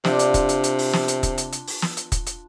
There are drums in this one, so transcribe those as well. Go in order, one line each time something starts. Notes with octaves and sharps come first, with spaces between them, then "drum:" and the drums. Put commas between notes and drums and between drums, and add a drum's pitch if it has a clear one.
C3 D4 F4, drum: snare
drum: hi-hat
drum: kick, hi-hat
drum: hi-hat
drum: hi-hat
drum: open hi-hat
drum: snare
drum: hi-hat
drum: kick, hi-hat
drum: hi-hat
drum: hi-hat
drum: open hi-hat
drum: snare
drum: hi-hat
drum: kick, hi-hat
drum: hi-hat